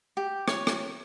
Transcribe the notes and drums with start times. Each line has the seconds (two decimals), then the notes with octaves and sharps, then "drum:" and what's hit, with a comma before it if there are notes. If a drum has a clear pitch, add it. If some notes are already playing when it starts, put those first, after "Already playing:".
0.17 G4
0.48 C#5, drum: rim click
0.67 drum: rim click